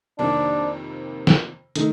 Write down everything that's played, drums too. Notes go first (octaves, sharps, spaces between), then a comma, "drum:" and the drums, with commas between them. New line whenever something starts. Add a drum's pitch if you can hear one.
F2 C3 D#3 A#3 D4
drum: snare
D#3 A3 D#4, drum: hi-hat